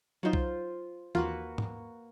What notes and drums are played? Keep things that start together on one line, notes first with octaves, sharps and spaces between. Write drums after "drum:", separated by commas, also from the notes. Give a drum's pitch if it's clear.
F#3 D#4 F4 C5
drum: kick B1
D#2 A#3 F4 F#4 B4, drum: tom E3
drum: tom G#2